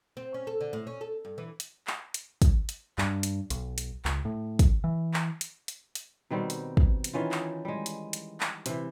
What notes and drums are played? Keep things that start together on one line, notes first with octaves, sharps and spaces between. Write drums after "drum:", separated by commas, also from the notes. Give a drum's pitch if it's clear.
C4
C#4
A4
D3
A2
C#4
A4
G2
E3
drum: hi-hat
drum: clap
drum: hi-hat
drum: kick, hi-hat
drum: hi-hat
G2, drum: clap
drum: hi-hat
B1, drum: hi-hat
drum: hi-hat
C#2, drum: clap
A2
drum: kick, hi-hat
E3
drum: clap
drum: hi-hat
drum: hi-hat
drum: hi-hat
B2 D#3 G3 C4
drum: hi-hat
drum: kick
drum: hi-hat
D#3 E3 C#4 F4
drum: clap
G3 G#3
drum: hi-hat
drum: hi-hat
drum: clap
C3 E3, drum: hi-hat